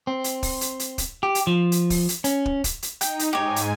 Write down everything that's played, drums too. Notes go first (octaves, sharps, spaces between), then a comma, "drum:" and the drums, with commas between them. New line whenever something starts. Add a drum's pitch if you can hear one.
C4
drum: hi-hat
drum: kick, open hi-hat
drum: hi-hat
drum: hi-hat
drum: kick, hi-hat
G4
drum: hi-hat
F3
drum: hi-hat
drum: kick, open hi-hat
drum: hi-hat
C#4, drum: hi-hat
drum: kick
drum: kick, hi-hat
drum: hi-hat
D#4 G5, drum: hi-hat
drum: hi-hat
G#2 G4 C#5 G#5
drum: hi-hat